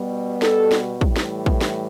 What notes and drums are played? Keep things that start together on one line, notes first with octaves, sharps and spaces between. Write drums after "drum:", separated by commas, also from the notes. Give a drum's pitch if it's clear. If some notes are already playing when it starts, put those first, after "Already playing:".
Already playing: B2 G3
A4, drum: snare
drum: snare
A2 E3 G3, drum: kick
drum: snare
drum: kick
drum: snare